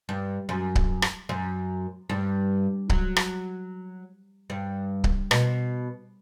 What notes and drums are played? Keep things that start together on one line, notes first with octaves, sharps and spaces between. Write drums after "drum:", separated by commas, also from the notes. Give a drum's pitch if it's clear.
G2
F#2
drum: kick C#1
drum: rim click
F#2
G2
F#3, drum: kick C#1
drum: rim click
G2
drum: kick C#1
B2, drum: rim click